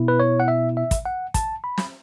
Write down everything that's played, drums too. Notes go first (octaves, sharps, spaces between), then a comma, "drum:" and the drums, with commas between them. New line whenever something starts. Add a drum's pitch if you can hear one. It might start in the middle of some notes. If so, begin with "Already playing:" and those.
Already playing: B2 B3 E4
B4
C#5
F#5
E5
E5
drum: kick, hi-hat
F#5
A5, drum: kick, hi-hat
B5
drum: snare